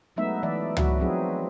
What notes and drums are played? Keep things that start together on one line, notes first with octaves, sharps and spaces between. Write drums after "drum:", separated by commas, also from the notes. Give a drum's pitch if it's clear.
F#3 G#3 A3 B3 D#4 E5
E3 D5 E5
F#3 F#4 B4 E5, drum: tom
F3 F#3 C4 D#4 G#4